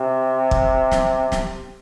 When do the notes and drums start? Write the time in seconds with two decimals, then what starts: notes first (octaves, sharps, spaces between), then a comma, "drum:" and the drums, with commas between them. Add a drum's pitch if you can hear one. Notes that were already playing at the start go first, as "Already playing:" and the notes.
Already playing: C3
0.51 drum: kick
0.92 drum: snare
1.32 drum: snare